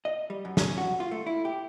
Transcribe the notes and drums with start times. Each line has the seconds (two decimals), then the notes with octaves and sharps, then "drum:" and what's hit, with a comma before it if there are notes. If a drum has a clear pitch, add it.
0.05 D#5
0.30 G3
0.45 F#2
0.57 C#4, drum: snare
0.78 F#4
1.00 F4
1.11 A3
1.26 E4
1.45 G4